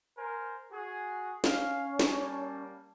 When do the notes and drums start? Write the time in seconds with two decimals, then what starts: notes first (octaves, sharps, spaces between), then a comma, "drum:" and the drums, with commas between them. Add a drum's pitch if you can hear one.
0.17 A#4 C5 G#5
0.71 F#4 G#4
1.44 C#4 F5, drum: snare
1.99 G3 A#3 A5, drum: snare